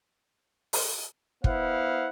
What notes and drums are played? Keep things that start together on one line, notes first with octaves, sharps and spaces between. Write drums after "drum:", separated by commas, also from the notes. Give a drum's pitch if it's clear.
drum: open hi-hat
B3 E4 C5 F5 F#5, drum: kick